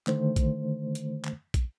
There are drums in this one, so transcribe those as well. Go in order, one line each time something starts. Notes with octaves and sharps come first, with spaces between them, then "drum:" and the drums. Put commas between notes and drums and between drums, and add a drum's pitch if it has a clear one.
D3 D#3 A3 C5, drum: clap
drum: kick A#1, hi-hat
drum: hi-hat
drum: clap
drum: kick A#1, hi-hat